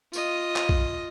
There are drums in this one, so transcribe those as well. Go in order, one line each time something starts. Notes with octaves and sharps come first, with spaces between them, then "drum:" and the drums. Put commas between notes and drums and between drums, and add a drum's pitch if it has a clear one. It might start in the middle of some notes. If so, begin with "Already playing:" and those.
F4 D#5, drum: tambourine
drum: clap
drum: kick